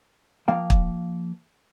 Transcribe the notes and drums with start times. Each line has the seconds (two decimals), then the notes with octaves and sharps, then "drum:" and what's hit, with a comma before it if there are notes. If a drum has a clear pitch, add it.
0.48 F3 A#3 F5 G5
0.70 drum: kick